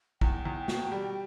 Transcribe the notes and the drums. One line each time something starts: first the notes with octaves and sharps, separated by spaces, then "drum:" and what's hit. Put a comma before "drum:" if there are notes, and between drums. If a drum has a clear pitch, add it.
E2 G5, drum: kick
E2
B2, drum: snare
G3